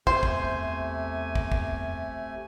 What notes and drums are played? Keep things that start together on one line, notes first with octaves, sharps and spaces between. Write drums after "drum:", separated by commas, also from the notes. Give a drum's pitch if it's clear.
E2 C3 A3 C5 G#5, drum: kick
drum: kick
drum: kick
drum: kick